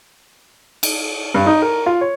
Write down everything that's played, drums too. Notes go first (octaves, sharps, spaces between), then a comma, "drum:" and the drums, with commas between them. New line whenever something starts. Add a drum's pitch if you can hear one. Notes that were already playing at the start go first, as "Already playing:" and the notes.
drum: cymbal
G2
D#4
A#4
F4
C#5